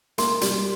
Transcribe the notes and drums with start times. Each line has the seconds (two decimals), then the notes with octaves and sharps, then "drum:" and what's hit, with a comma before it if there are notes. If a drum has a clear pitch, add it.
0.18 A#3 C6, drum: hi-hat
0.41 G3, drum: hi-hat